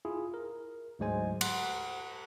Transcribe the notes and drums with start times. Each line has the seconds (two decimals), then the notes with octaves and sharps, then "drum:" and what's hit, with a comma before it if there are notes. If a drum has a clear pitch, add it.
0.05 E4 F4 G#4
0.34 A#4
0.99 D2 G#2 F#3 G#3 C5 G#5
1.41 F#5 C6 F#6, drum: cymbal